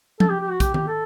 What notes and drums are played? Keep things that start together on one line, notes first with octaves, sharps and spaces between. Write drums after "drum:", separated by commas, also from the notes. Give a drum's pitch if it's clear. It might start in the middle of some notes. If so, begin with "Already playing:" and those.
A4, drum: tom F3
G4
G4
F#4
G4, drum: kick, hi-hat
G4, drum: tom D#3
A4